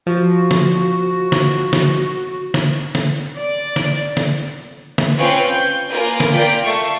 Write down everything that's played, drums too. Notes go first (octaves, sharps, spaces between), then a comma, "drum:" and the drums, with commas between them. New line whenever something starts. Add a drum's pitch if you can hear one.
F3 F#4
drum: snare D3
drum: snare D3
drum: snare D3
drum: snare D3
drum: snare D3
D5
drum: snare D3
drum: snare D3
drum: snare D3
C4 C#4 F4 B4 G5 C#6
G6
A#3 F4 A#4 B4 G#5
drum: snare D3
A#3 F4 D5 G5 B6 D7
A3 F5 C#6